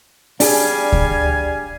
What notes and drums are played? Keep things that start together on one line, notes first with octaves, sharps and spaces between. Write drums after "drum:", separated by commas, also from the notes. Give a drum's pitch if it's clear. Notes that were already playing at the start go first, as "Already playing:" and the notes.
G3 D4 G#4 F5 G#5, drum: open hi-hat
drum: kick D2